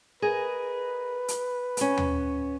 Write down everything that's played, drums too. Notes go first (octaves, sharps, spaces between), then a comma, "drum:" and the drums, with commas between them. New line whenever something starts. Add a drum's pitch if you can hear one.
G#4 A#4 B4 D#5
drum: hi-hat
B3 C#4, drum: hi-hat
drum: tom D#2